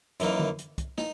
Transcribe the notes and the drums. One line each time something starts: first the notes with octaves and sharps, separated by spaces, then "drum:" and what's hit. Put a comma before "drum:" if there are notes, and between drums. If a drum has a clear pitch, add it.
F#2 E3 A#3 D#4, drum: hi-hat
drum: tom D3
drum: hi-hat
drum: kick, hi-hat
D#4, drum: snare